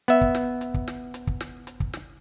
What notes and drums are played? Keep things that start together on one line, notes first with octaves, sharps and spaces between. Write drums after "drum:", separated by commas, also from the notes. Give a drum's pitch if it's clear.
B3 E5, drum: hi-hat
drum: kick
drum: snare
drum: hi-hat
drum: kick
drum: snare
drum: hi-hat
drum: kick
drum: snare
drum: hi-hat
drum: kick
drum: snare